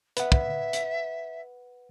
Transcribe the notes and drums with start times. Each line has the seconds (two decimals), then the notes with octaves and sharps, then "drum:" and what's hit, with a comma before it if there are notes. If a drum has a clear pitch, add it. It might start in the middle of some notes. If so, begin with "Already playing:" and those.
0.17 B4 E5 F#5, drum: hi-hat
0.32 drum: kick
0.73 drum: hi-hat